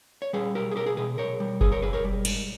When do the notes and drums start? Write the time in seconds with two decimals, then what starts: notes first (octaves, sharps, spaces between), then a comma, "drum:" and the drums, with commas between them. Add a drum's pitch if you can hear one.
0.22 C#5
0.33 G3 G#4 B4
0.55 B1 G4 A#4
0.71 G#4
0.76 B1 G4 A#4
0.86 G#4 B4
0.97 B2 G#4 B4
1.18 B1 A#4 C#5
1.40 G3
1.61 B1 G#4 B4, drum: kick F#1
1.72 A#4 C#5
1.82 B1 G#4 B4
1.93 A#4 C#5
2.05 G3
2.25 G#2, drum: cymbal